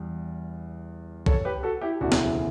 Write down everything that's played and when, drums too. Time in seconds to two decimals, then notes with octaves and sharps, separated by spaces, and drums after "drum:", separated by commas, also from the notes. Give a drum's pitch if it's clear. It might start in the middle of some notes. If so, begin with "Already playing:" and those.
Already playing: E2 G3
1.26 A4 C#5, drum: kick
1.45 G4 B4
1.63 F#4 A4
1.81 E4 G4
2.01 E1 D2 C#3 E3 D4 F#4
2.12 drum: snare